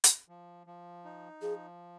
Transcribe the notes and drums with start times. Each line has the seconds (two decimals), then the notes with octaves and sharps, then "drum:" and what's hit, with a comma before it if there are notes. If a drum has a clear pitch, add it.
0.04 drum: hi-hat
0.28 F3
0.67 F3
1.05 D#4
1.42 F3 G#4